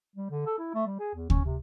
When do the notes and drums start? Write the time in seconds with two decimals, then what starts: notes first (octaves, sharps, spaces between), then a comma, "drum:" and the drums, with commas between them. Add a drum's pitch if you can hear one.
0.16 G3
0.31 D3
0.46 A4
0.58 E4
0.74 A3
0.87 G3
0.99 G#4
1.14 E2
1.30 C#4, drum: kick D2
1.44 C3